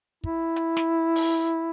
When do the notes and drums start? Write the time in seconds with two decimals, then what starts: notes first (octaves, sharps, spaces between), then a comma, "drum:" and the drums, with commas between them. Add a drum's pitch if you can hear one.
0.24 E4, drum: kick
0.56 drum: hi-hat
0.77 drum: snare
1.16 drum: open hi-hat